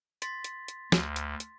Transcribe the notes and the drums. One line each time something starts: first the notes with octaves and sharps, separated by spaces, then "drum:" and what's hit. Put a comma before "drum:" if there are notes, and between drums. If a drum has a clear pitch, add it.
C6 A6 B6, drum: hi-hat
drum: hi-hat
drum: hi-hat
D2, drum: snare
drum: hi-hat
drum: hi-hat